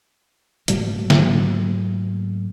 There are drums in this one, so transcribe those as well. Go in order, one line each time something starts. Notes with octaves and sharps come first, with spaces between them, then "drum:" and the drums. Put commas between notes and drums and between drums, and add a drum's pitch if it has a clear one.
G#2 F#3 A3 A#3, drum: hi-hat
drum: snare